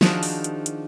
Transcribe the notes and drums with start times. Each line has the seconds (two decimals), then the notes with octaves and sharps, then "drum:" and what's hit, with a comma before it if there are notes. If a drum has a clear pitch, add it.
0.01 D#3 F3 D4 F#4 G#4 C5, drum: snare
0.23 drum: open hi-hat
0.44 drum: hi-hat
0.66 drum: hi-hat